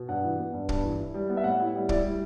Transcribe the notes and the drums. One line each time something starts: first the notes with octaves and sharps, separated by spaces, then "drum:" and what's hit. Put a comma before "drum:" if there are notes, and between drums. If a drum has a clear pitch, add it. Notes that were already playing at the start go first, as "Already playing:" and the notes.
Already playing: B2
G2 F#5
E3
B3
G2
G2, drum: kick
E3
E4
G3
B3
E5
A2 F#5
E4
G3
E4 D5, drum: kick
G3